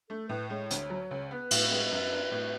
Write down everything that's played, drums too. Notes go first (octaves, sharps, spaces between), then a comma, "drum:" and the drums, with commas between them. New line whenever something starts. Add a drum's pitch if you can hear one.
A3 A4
A2 B4
G#3 C#5
D2, drum: hi-hat
F#3
C#2
B3 B4
A2, drum: cymbal
G#3
F#2
D4
A2